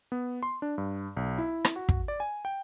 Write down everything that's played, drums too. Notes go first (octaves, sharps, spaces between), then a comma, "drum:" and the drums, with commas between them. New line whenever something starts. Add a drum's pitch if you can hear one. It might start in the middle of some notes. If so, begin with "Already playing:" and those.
B3
C6
D4
G2
B1
E4
drum: rim click
F#4
drum: kick
D5
G#5
G5